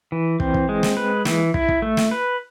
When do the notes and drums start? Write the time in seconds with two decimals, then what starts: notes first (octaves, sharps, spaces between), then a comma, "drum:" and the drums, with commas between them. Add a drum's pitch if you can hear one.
0.12 E3
0.40 C4, drum: kick
0.54 drum: kick
0.69 G#3
0.83 drum: snare
0.97 B4
1.25 E3, drum: snare
1.54 E4, drum: kick
1.69 drum: kick
1.82 A3
1.97 drum: snare
2.11 B4